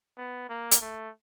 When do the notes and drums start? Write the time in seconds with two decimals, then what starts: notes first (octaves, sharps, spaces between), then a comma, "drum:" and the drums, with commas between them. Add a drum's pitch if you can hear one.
0.18 B3
0.49 A#3
0.71 drum: hi-hat
0.81 A3